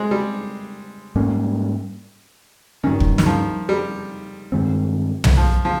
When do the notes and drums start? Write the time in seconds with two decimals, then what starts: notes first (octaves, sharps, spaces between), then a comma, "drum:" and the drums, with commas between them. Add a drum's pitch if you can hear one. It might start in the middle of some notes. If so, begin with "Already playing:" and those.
Already playing: G#3 C4
0.11 G3
1.16 G#2 G3 A#3 C#4
2.84 G2 D#3 G3 C#4
3.00 drum: kick
3.18 D#3, drum: snare
3.26 F3
3.69 G3
4.52 G2 D#3 G#3 C4
5.24 drum: tom
5.37 F3
5.65 F3